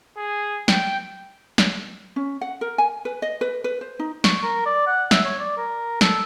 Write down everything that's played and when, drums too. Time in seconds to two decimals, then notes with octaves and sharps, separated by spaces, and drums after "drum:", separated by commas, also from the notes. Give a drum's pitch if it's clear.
0.17 G#4
0.68 G5, drum: snare
1.58 drum: snare
2.16 C#4
2.41 F#5
2.61 A#4
2.78 G#5
3.05 B4
3.22 D#5
3.41 B4
3.64 B4
3.81 C5
3.99 D#4
4.24 C#6, drum: snare
4.43 A#4
4.66 D5
4.87 F#5
5.11 E5, drum: snare
5.24 C#5
5.40 D5
5.58 A#4
6.01 A4, drum: snare